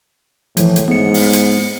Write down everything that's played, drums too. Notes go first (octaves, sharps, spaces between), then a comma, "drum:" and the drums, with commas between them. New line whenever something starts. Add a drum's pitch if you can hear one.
A2 E3 F3, drum: hi-hat
drum: hi-hat
G#2 B3 C#7
drum: open hi-hat
drum: hi-hat